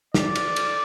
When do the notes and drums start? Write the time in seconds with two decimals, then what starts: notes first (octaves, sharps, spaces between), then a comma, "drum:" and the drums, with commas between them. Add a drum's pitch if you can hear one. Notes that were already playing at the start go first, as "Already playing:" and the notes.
0.14 D5, drum: snare
0.35 drum: cymbal
0.56 drum: cymbal